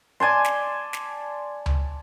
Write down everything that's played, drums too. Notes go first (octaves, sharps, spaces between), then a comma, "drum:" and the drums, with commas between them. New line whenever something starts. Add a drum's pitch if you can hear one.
D5 G#5 A5 C6
drum: snare
drum: snare
drum: tom C#2